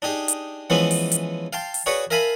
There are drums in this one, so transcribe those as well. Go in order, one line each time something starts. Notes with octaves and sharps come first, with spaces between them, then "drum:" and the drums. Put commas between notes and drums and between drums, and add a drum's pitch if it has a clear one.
D4 D#4 G4 G#4
drum: hi-hat
E3 F3 G#3 B3 C#4 E4
drum: open hi-hat
drum: hi-hat
F5 G5 A5 C6
drum: open hi-hat
F#4 G#4 B4 C#5 D5 C#6
A#4 E5 F5 G#5 A5 B5